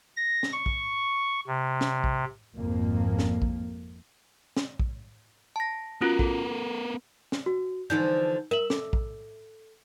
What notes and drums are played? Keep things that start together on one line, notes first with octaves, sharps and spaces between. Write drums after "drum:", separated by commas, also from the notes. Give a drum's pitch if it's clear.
A#6
drum: snare
C#6
drum: kick A#1
C3
drum: snare
drum: kick A#1
G#1 F2 A#3
drum: snare
drum: kick A#1
drum: snare
drum: kick A#1
A5 A#6
B3 C#4 F4 F#4 A#4
A4, drum: kick A#1
drum: snare
F#4
D3 E3 F3 D#4 G6
A#4 E5 F#7
A4, drum: snare
drum: kick A#1